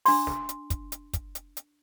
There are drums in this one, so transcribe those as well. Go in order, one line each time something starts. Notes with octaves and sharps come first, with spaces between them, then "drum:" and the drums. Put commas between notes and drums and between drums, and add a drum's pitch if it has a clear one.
D4 C6, drum: open hi-hat
drum: snare
drum: hi-hat
drum: kick, hi-hat
drum: hi-hat
drum: kick, hi-hat
drum: hi-hat
drum: hi-hat